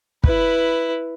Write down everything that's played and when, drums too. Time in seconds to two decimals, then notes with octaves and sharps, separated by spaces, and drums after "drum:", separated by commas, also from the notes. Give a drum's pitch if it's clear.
0.24 E4 B4, drum: kick